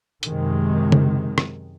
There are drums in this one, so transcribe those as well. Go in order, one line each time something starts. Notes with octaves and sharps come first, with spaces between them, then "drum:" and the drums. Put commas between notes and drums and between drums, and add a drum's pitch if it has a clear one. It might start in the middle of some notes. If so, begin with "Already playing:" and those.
F#2 C3 D#3 G#3, drum: hi-hat
drum: tom C#3
drum: rim click